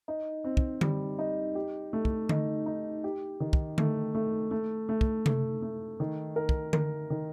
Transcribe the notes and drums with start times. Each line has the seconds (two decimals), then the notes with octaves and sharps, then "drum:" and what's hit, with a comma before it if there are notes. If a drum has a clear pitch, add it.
0.08 D#4
0.44 C4
0.57 drum: kick
0.81 G3, drum: tom D3
1.19 D#4
1.55 G4
1.93 A3
2.05 drum: kick
2.29 D#4, drum: tom D3
2.66 D#4
3.04 G4
3.40 D#3
3.53 drum: kick
3.78 A3, drum: tom D3
4.15 A3
4.51 A3
4.89 A3
5.01 drum: kick
5.26 A3, drum: tom C3
5.62 A3
6.00 D#3
6.36 A#4
6.49 drum: kick
6.73 A#4, drum: tom D3
7.10 D#3